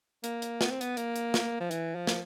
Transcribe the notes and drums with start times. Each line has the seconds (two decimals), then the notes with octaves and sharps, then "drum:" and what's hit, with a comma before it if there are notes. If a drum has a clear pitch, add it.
0.24 A#3, drum: hi-hat
0.42 drum: hi-hat
0.61 B3, drum: snare
0.71 C4
0.81 B3, drum: hi-hat
0.97 A#3, drum: hi-hat
1.16 drum: hi-hat
1.34 drum: snare
1.61 F3
1.71 E3, drum: hi-hat
1.96 F3
2.07 drum: snare